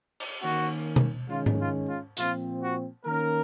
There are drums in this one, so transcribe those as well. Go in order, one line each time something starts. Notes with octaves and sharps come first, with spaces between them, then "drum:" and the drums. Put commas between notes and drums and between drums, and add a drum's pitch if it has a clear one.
drum: cymbal
D#3 A#3 C#4 F#4
drum: tom B2
D#3 G#3 C#4 F4
drum: tom G#2
F4
F4
A#2 F3 C4 F4, drum: hi-hat
F#4
D#3 A#3 C#4 A#4